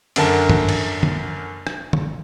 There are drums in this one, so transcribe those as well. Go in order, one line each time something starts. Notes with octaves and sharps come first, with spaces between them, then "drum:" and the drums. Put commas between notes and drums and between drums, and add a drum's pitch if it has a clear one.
F#2 D3 A#4 A5, drum: cymbal
drum: tom
drum: cymbal
drum: tom
drum: rim click
drum: tom